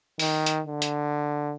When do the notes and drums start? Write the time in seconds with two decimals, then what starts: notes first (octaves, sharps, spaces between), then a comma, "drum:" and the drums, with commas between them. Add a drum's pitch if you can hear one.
0.19 D#3, drum: open hi-hat
0.46 drum: hi-hat
0.67 D3
0.82 drum: hi-hat